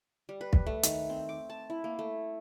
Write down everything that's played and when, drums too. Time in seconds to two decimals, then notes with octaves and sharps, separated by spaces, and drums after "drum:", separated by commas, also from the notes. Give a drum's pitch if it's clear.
0.29 G3
0.41 B4
0.53 drum: kick
0.66 A3
0.83 D#3, drum: hi-hat
1.09 C4
1.29 D6
1.50 A5
1.70 E4
1.84 A#3
1.99 A3